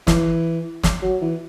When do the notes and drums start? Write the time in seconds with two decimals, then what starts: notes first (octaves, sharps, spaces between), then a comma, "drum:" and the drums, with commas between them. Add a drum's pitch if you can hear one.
0.07 E3, drum: snare
0.83 drum: snare
1.03 F#3
1.21 E3